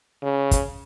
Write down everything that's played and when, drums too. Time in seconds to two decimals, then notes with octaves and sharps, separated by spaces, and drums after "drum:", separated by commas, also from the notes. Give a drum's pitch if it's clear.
0.23 C#3
0.51 drum: kick, hi-hat